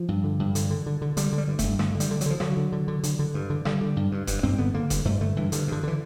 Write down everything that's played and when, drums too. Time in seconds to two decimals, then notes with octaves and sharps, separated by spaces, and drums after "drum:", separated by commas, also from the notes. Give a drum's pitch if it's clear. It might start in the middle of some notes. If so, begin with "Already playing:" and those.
Already playing: F3
0.08 G2
0.24 D3
0.39 G2
0.55 D3, drum: hi-hat
0.71 D3
0.86 D3
1.02 D3
1.17 D3 G3, drum: hi-hat
1.33 D3
1.38 G3
1.48 G2
1.59 G2 A3, drum: kick F1, hi-hat
1.79 D3 A3, drum: rim click
1.95 D3
2.00 G3, drum: hi-hat
2.11 D3
2.21 F#3, drum: hi-hat
2.26 D3 F3
2.40 D3 F#3, drum: rim click
2.57 D3
2.72 D3
2.88 D3
3.03 D3, drum: hi-hat
3.19 D3
3.35 G2
3.50 D3
3.65 D3 G3, drum: rim click
3.81 D3
3.96 G2
4.12 G2
4.27 G2, drum: kick F1, hi-hat
4.43 G2 C4
4.58 D3 B3
4.74 D3 A#3
4.90 G2, drum: kick F1, hi-hat
5.05 G2 A3
5.21 D3 A3
5.36 G2 E3
5.52 G2 D3, drum: hi-hat
5.68 G2 D3
5.83 D3 E3